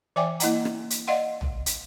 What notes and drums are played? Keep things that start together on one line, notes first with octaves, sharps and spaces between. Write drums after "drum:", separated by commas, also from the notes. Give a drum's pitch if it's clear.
E3 D5 E5 G5 G#5 D6
A#3 E4 D#5 F#5 A#5, drum: hi-hat
drum: rim click
drum: hi-hat
D5 D#5 F5 F#5 C6
drum: tom A#1
drum: hi-hat